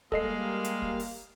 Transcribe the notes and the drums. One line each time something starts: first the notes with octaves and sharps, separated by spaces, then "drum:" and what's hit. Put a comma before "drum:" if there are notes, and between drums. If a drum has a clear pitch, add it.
G3 G#3 A#3 A4 D#5 F5 C7, drum: kick
drum: hi-hat
drum: kick
drum: open hi-hat